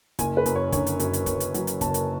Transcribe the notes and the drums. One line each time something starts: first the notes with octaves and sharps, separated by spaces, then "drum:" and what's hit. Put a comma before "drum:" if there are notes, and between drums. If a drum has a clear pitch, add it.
F#1 G#5, drum: kick, hi-hat
B4
F#2, drum: hi-hat
C#5
D3 C#5, drum: kick, hi-hat
drum: hi-hat
F#2, drum: hi-hat
drum: hi-hat
F#2, drum: kick, hi-hat
drum: hi-hat
F#3, drum: hi-hat
drum: hi-hat
F#1 A5, drum: kick, hi-hat
drum: hi-hat